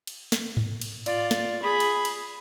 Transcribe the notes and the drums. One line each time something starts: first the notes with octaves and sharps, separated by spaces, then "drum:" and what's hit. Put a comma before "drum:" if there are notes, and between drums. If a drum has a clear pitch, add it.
drum: cymbal
drum: snare
drum: tom G#2
drum: cymbal
F4 D5, drum: cymbal
drum: snare
G#4 B5
drum: cymbal
drum: cymbal